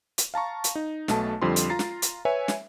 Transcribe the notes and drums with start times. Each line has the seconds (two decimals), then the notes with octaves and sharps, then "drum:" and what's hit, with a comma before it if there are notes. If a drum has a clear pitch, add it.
0.18 drum: hi-hat
0.34 F5 A5 A#5 C#6
0.64 drum: hi-hat
0.75 D#4
1.08 B1 B2 A3 A5, drum: snare
1.42 F2 D3 F3 G3 C6
1.56 drum: hi-hat
1.70 F4 A#5 A6 C7
1.79 drum: snare
2.02 drum: hi-hat
2.25 B4 C#5 E5 G#5
2.48 drum: snare